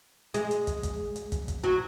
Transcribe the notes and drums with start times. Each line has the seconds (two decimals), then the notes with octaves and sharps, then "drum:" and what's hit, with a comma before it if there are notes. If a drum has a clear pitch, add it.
0.34 G#3, drum: hi-hat
0.51 drum: hi-hat
0.67 drum: kick, hi-hat
0.83 drum: kick, hi-hat
1.16 drum: hi-hat
1.32 drum: kick, hi-hat
1.48 drum: kick, hi-hat
1.64 F#3